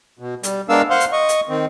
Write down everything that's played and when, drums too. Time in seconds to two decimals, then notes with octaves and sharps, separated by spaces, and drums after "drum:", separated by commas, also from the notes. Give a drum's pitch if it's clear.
0.19 B2
0.43 G3, drum: hi-hat
0.69 G#3 B3 D4 A#4 F5 E6
0.90 C5 F5 F#5 C6
1.00 drum: hi-hat
1.12 D#5 C#6
1.29 drum: hi-hat
1.49 D#3 C4